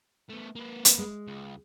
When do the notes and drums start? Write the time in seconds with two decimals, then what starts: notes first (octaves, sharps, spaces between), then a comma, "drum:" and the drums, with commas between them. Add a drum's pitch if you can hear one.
0.30 A3 B3
0.55 A#3 B4
0.85 drum: hi-hat
0.98 G#3
1.27 C#2